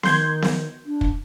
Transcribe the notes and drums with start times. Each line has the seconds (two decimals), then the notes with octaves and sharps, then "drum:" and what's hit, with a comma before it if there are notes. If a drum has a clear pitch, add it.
0.03 D#3 C6 G6 G#6, drum: snare B3
0.42 drum: snare B3
0.86 D4
1.01 drum: kick